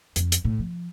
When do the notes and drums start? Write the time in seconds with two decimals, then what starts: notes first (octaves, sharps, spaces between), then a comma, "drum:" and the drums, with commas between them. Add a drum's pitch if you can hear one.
0.16 F2, drum: hi-hat
0.32 drum: hi-hat
0.44 A2
0.59 F3